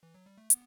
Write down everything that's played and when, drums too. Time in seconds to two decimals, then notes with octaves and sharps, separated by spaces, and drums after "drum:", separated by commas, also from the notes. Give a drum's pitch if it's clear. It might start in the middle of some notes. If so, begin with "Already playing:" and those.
0.03 E3
0.15 F#3
0.26 G3
0.37 A3
0.50 B3, drum: hi-hat